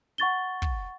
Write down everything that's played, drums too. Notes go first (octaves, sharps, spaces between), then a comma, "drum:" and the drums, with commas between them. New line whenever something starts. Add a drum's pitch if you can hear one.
F#5 C#6 A6 G7
drum: kick